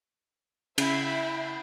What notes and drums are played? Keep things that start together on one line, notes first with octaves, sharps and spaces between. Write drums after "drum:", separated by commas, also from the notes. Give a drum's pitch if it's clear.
C#3 E4 E5 B5, drum: cymbal